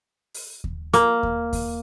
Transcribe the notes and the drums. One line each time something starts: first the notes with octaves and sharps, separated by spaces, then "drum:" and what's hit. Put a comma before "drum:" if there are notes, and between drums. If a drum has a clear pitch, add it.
drum: open hi-hat
drum: kick D#2
A#3, drum: hi-hat
drum: kick D#2
drum: kick D#2, open hi-hat